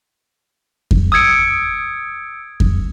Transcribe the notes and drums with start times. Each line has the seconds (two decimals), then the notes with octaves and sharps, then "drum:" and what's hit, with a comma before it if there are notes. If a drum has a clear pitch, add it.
0.91 drum: kick F2
1.12 D#6 E6 G#6 C#7 D7
2.60 drum: kick F2